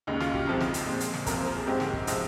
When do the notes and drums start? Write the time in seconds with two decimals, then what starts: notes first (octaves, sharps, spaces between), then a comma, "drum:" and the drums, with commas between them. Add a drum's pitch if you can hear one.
0.07 D#2 C#3 G#3 D#4
0.21 F4, drum: snare
0.34 G4, drum: kick
0.47 F2 C3 F3 G#3 C4
0.61 drum: snare
0.74 drum: hi-hat
0.87 A#2 G#3 C4
1.00 drum: hi-hat
1.14 drum: snare
1.26 F2 C3 F3 A#3 A#4, drum: kick, hi-hat
1.37 C5
1.47 A#4
1.57 G#4
1.67 G#2 D#3 G#3 C4 G4
1.80 drum: snare
1.93 drum: kick
2.07 C3 F3 G#3 C4, drum: hi-hat